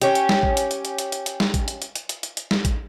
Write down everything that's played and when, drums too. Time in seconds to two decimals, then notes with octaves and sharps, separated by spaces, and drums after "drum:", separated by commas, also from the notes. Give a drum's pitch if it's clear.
0.02 C#4 G4, drum: hi-hat
0.15 drum: hi-hat
0.29 drum: snare
0.43 drum: kick A1
0.57 drum: hi-hat
0.71 drum: hi-hat
0.85 drum: hi-hat
0.98 drum: hi-hat
1.12 drum: hi-hat
1.26 drum: hi-hat
1.40 drum: snare
1.54 drum: kick A1, hi-hat
1.68 drum: hi-hat
1.82 drum: hi-hat
1.95 drum: hi-hat
2.09 drum: hi-hat
2.23 drum: hi-hat
2.37 drum: hi-hat
2.51 drum: snare
2.65 drum: kick A1, hi-hat